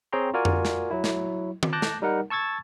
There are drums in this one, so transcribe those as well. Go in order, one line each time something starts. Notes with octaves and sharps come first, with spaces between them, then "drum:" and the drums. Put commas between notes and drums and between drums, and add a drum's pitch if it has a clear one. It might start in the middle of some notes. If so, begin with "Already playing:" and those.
C4 G#4 C#5 G5 A#5 C6
F4 F#4 A#4 D5 G#5
drum: tom F2
drum: snare
F#3 E4
drum: snare
drum: tom D#3
A5 D6 F#6 G6 A#6
drum: snare
G3 D#4 A#4 F#5
A5 C#6 E6 G#6 A6